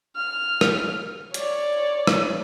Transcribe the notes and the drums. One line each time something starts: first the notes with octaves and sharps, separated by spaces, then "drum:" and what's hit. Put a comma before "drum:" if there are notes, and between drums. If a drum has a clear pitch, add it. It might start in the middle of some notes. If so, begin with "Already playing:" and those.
F6
drum: rim click
C#5 D5, drum: hi-hat
drum: rim click